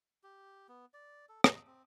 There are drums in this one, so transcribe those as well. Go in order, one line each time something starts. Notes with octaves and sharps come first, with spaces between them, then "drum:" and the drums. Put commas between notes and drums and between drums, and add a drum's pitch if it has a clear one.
G4
B3
D5
A4
D#5, drum: rim click
C4